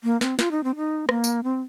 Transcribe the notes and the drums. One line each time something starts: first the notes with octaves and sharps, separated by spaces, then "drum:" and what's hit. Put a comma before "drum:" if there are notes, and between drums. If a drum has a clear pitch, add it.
A#3
C4, drum: snare
F4, drum: snare
D#4
C4
D#4
A#3, drum: rim click
drum: tambourine
C4